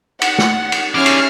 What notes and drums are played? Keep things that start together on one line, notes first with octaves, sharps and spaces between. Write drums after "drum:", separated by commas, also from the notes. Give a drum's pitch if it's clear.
F#5, drum: cymbal
drum: snare
drum: cymbal
C#4 E4 G#4 D5 F6 C7
drum: cymbal